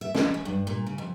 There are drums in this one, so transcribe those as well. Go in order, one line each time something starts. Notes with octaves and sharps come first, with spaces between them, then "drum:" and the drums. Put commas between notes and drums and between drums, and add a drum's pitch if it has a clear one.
E5
G#3, drum: snare
C#4
G2
A#2
C#3
F2